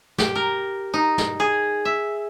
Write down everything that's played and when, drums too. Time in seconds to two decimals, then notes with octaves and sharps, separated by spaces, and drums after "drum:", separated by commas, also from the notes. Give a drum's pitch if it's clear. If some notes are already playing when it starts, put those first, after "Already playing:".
0.18 G4, drum: snare
0.35 A#4
0.94 D#4
1.18 drum: snare
1.40 G#4
1.85 E5